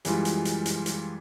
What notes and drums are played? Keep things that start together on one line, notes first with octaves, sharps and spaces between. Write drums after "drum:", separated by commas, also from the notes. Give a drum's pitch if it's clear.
F#2 E3 G3 G#3 E4 F4, drum: hi-hat
drum: hi-hat
drum: hi-hat
drum: hi-hat
drum: hi-hat